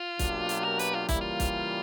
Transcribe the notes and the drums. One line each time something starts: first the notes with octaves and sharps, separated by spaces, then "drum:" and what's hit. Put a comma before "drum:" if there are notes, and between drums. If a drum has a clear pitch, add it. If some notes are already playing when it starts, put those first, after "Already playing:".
Already playing: F4
B2 F#3 A#3 D4 G4, drum: kick, hi-hat
drum: hi-hat
A#4
B4, drum: hi-hat
F4
C#3 E3 G3 A#3 E4, drum: kick, hi-hat
F4
drum: kick, hi-hat